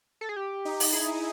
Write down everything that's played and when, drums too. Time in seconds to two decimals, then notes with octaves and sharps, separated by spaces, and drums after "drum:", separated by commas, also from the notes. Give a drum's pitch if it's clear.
0.21 A4
0.29 G#4
0.36 G4
0.65 D#4
0.80 drum: open hi-hat
0.93 E4 G#4